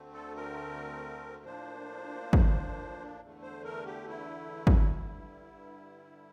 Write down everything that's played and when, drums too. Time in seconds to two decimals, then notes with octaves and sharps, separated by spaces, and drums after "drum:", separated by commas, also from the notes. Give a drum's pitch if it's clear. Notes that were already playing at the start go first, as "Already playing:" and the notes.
Already playing: D2 D3 A3 C4
0.13 A4
0.36 A#4
1.45 A2 F3 A#3 D4 C5
2.33 drum: kick
3.21 E2 D3 A3
3.42 C5
3.65 A#4
3.86 G4
4.09 E4
4.67 drum: kick
4.96 G2 D3 G3